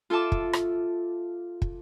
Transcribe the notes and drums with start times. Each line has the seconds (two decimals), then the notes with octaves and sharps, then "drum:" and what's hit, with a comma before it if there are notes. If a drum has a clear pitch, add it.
0.10 F4 A4 E5 A5 D6
0.32 drum: kick
0.53 drum: rim click
1.62 drum: kick